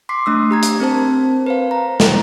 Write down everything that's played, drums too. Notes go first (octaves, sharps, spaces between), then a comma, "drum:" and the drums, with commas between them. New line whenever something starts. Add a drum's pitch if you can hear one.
C6 D6 B6 C7
A3 D4 D#6 E6
G4 A#5 G#6
drum: hi-hat
C4 A#4 C5 A5
B4 C5 F5
A#5
drum: snare